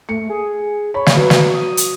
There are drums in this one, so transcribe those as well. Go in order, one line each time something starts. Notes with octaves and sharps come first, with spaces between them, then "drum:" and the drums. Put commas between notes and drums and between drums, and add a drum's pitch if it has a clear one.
A3 C#7
G#4
C#5 B5
drum: snare
F#3 B4
drum: snare
D#6
drum: hi-hat